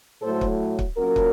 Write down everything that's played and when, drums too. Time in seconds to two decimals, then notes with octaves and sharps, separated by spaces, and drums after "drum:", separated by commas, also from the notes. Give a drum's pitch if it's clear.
0.22 A2 F#3 A3 A4 C5
0.41 drum: kick
0.79 drum: kick
0.97 A#2 F#3 A#3 C#4 F#4 A#4
1.16 drum: kick